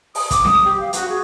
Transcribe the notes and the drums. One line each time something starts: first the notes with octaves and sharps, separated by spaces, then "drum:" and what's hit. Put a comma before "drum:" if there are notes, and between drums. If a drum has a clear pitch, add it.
D#6, drum: open hi-hat
D6, drum: kick, hi-hat
D#6, drum: snare C4
G4
F5
F#4, drum: hi-hat
G#4